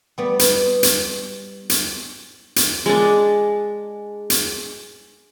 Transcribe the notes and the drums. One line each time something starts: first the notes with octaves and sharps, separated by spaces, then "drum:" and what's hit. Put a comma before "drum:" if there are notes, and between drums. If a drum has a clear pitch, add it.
G3 B3
drum: hi-hat
drum: hi-hat
drum: hi-hat
drum: hi-hat
G#3 D4
drum: hi-hat